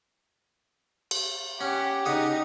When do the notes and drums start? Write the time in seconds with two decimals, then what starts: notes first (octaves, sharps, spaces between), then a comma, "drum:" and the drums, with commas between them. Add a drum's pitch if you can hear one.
1.11 drum: cymbal
1.61 C#4 G4 F#5
2.05 C#3 D#4 F#5 D#6